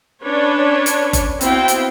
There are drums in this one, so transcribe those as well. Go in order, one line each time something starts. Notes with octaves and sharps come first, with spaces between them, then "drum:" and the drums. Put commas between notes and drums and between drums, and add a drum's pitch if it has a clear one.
C#4 D4 B4 C#5
drum: hi-hat
drum: kick F#1, hi-hat
B3 C4 E4 F#4 F5 G5, drum: hi-hat
drum: hi-hat